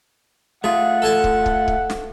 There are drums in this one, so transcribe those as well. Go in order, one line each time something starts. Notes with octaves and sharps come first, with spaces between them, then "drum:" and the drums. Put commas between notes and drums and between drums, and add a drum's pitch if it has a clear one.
A3 F4 G#4 F#5
A4 G#5 A5
drum: kick
drum: kick
drum: kick
drum: snare